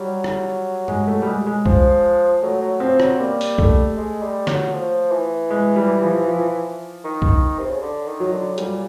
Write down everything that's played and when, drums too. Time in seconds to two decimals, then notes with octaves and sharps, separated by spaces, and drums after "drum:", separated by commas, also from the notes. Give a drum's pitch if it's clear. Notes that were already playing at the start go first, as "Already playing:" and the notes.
Already playing: F#3 G3
0.24 drum: rim click
0.88 G#3, drum: tom G2
1.07 A3
1.22 G3
1.26 G#3
1.47 G#3
1.66 F3, drum: kick B1
2.42 F#3 A3
2.61 F#3
2.80 F3 C4
3.00 F#3, drum: rim click
3.19 G3 A#3
3.41 drum: open hi-hat
3.58 A3, drum: kick B1
3.97 G#3
4.23 G3
4.47 F#3, drum: snare
4.73 F3
5.11 E3
5.50 G#3
5.76 G3
6.02 F3
6.28 F3
7.04 D#3
7.22 drum: kick B1
7.59 C3
7.69 C#3
7.82 D3
8.07 D#3
8.20 F#3
8.32 D3
8.53 A2
8.58 A#2 G3, drum: hi-hat